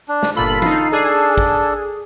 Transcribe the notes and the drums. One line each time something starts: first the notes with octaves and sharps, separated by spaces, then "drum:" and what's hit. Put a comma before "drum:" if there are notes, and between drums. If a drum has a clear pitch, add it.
D4
drum: snare
G1 A#2 F4 A4 B5
D#4 C7, drum: tom E3
D4 G#4 A4
drum: kick